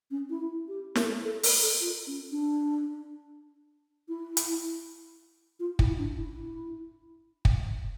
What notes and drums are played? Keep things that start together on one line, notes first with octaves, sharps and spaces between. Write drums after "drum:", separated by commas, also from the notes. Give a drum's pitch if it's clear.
C#4
E4
G4
A#4, drum: snare
A4
A4
A#4, drum: open hi-hat
A4
F4
C#4
D4
E4
drum: hi-hat
F4
E4, drum: kick
D4
E4
drum: kick